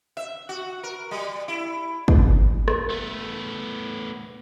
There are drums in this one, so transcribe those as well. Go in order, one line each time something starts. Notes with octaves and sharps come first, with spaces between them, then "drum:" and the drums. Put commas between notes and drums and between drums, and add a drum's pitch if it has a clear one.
E5
F#4
A#4
G3
E4
drum: kick
drum: rim click
A3 B3